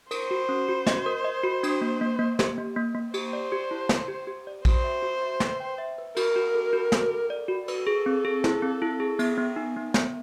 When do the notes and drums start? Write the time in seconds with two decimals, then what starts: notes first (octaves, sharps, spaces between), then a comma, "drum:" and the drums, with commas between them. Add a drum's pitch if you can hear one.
0.11 A#4 C5, drum: cymbal
0.31 F#4
0.49 C#4
0.69 F#4
0.87 D#5, drum: snare
1.06 A#4
1.24 D#5
1.44 F#4
1.63 D4, drum: cymbal
1.81 A#3
2.01 A#3
2.19 A#3
2.39 G4, drum: snare
2.58 A#3
2.76 A#3
2.95 A#3
3.14 G4 C5, drum: cymbal
3.33 D5
3.52 G4
3.71 E4
3.89 G4, drum: snare
4.08 G4
4.27 G4
4.47 D5
4.65 F#4 C5, drum: kick A#1, cymbal
4.84 E5
5.02 F#4
5.22 E5
5.40 B4, drum: snare
5.60 G5
5.78 E5
5.98 B4
6.16 F#4 A#4, drum: cymbal
6.36 F#4
6.54 A4
6.73 F#4
6.92 A4, drum: snare
7.11 A4
7.30 D5
7.48 F#4
7.68 A4 B4, drum: cymbal
7.87 G#4
8.06 C4
8.25 G#4
8.44 E4, drum: snare
8.62 C4
8.82 E4
9.00 G#4
9.19 B3, drum: cymbal
9.38 B3
9.56 D#4
9.76 B3
9.94 B3, drum: snare